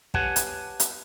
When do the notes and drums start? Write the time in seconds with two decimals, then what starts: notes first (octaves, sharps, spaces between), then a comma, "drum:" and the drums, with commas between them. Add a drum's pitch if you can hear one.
0.14 G4 B4 C#5 F#5 G#5 A5, drum: kick
0.36 drum: hi-hat
0.80 drum: hi-hat